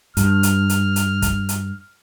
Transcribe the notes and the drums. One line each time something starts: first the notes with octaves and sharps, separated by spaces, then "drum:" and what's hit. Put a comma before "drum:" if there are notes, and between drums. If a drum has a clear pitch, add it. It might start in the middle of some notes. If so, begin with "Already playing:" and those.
G2 F6, drum: hi-hat
drum: hi-hat
drum: hi-hat
drum: hi-hat
drum: kick, hi-hat
drum: hi-hat